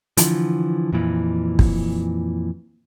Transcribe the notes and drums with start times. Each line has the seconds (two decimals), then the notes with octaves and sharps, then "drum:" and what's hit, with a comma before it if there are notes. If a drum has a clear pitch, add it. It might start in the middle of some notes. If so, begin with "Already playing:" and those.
0.17 D3 E3 F3, drum: hi-hat
0.93 F2 A#2 E3
1.59 drum: kick